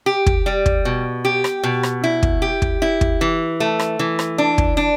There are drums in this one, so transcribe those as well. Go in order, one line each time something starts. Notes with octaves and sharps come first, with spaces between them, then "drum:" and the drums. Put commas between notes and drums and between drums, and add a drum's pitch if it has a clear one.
G4
drum: kick
G3
drum: kick
B2
G4
drum: rim click
B2
drum: rim click
E4
drum: kick
G4
drum: kick
E4
drum: kick
E3
A3
drum: rim click
E3
drum: rim click
D4
drum: kick
D4